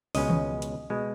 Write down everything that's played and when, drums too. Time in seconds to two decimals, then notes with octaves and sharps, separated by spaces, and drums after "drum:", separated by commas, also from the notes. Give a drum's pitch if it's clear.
0.15 C#2 B2 G#3 C#4 D#5, drum: open hi-hat
0.30 drum: tom D#3
0.62 drum: hi-hat
0.90 B2 G#3